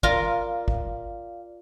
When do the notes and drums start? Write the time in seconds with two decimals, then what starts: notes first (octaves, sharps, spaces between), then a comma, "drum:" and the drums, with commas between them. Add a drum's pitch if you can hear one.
0.03 F4 A#4 D5 F5, drum: kick
0.68 drum: kick